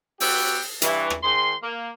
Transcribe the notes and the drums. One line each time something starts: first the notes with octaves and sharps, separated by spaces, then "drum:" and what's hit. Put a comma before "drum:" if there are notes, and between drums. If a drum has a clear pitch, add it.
B3 F#4 G4 B4 E5 G5, drum: open hi-hat
G2 E3, drum: hi-hat
drum: rim click
G#2 D#3 G#4 C6
A#3